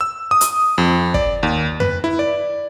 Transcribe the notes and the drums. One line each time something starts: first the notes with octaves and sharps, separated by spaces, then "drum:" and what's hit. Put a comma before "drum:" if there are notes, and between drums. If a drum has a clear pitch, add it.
E6
D#6
drum: hi-hat
F2
D5, drum: kick
D#2
B4, drum: tom F2
E4
D5